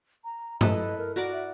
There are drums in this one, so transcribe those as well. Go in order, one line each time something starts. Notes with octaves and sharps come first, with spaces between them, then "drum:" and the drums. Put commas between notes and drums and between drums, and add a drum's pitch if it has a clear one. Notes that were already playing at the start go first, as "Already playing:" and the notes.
A#5
E4 A4 B4 D#5, drum: tom G2
A#4
F#4 A#4 D5 F#5
E5